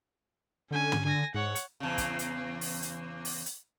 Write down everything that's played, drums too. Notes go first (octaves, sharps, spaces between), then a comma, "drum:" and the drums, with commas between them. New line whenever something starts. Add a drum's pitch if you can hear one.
D3 C#4 G#5
drum: tom
D3 G#5 A#6
G#2 C#5 F#5
drum: hi-hat
E2 C#3
drum: kick, hi-hat
drum: hi-hat
drum: open hi-hat
drum: hi-hat
drum: open hi-hat
drum: hi-hat